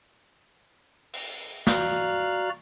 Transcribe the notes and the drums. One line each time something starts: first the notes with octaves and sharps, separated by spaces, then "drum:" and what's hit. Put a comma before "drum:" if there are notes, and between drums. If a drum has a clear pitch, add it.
drum: open hi-hat
F#4 D5 F5 A#5 F#6, drum: snare